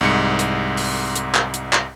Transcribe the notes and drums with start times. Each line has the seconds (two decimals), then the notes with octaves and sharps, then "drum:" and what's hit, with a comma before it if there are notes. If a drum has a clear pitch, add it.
0.01 C2 G#2 C#7
0.39 drum: hi-hat
0.77 drum: open hi-hat
1.16 drum: hi-hat
1.35 drum: clap
1.54 drum: hi-hat
1.73 drum: clap